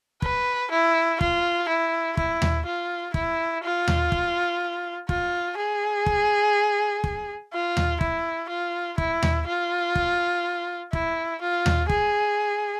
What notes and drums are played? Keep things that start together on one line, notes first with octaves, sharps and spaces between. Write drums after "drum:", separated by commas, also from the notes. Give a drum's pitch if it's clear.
B4, drum: kick
E4
F4, drum: kick
E4
E4, drum: kick
drum: tom D#2
F4
E4, drum: kick
F4
drum: tom D#2
drum: kick
F4, drum: kick
G#4
drum: kick
drum: kick
F4
drum: tom D#2
E4, drum: kick
F4
E4, drum: kick
drum: tom D#2
F4
drum: kick
E4, drum: kick
F4
drum: tom D#2
G#4, drum: kick